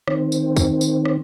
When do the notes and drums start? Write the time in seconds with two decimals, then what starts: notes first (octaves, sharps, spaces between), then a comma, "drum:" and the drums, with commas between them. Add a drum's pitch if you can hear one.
0.08 D#3 C4, drum: rim click
0.32 drum: tambourine
0.56 drum: kick, tambourine
0.81 drum: tambourine
1.05 drum: rim click